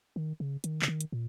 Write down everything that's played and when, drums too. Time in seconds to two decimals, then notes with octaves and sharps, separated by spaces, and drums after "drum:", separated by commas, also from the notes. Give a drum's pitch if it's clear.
0.16 D#3
0.40 C#3
0.64 D#3, drum: hi-hat
0.82 C#3, drum: clap
0.88 D#3
1.01 drum: hi-hat
1.12 A#2